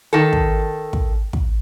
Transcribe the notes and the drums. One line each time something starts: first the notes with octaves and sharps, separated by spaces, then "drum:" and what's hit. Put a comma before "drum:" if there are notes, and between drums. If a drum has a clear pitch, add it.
D#3 A4
drum: kick
drum: kick
drum: kick